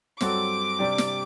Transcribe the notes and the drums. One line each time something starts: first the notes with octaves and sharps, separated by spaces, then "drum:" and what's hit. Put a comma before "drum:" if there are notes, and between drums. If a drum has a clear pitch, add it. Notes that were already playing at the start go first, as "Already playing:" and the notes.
G2 F#3 C4 F#4 A4 D6, drum: snare
C3 G3 D4 G4
drum: snare